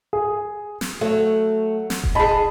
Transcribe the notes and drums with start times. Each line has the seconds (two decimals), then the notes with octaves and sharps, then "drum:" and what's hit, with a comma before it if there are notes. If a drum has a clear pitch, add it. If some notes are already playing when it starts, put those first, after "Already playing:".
0.13 G#4
0.81 drum: snare
1.01 F#3 A3
1.90 drum: snare
2.04 drum: kick E1
2.15 D#4 G#4 A5 B5